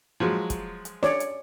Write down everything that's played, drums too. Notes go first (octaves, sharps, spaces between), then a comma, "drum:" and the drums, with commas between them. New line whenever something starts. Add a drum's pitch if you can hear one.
F3 F#3 G#3
drum: kick, hi-hat
drum: hi-hat
C#5 D5, drum: snare
drum: hi-hat